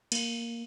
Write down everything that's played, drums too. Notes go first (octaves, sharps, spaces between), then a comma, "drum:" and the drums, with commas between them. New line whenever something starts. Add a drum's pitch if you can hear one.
A#3, drum: cymbal